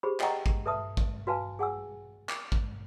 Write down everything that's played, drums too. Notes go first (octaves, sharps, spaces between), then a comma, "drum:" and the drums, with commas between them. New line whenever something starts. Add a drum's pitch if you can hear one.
G4 G#4 C5 B5
A4 D#5 F#5 G5 A#5 C#6, drum: clap
drum: kick
A4 B4 E5 A5 D#6
drum: kick
F#4 B4 F5 G#5 A5
G#4 F#5 G#5 E6
D6, drum: clap
drum: kick